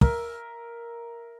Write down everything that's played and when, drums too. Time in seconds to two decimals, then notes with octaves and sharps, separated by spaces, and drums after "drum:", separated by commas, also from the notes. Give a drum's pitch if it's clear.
0.01 A#4 E5, drum: kick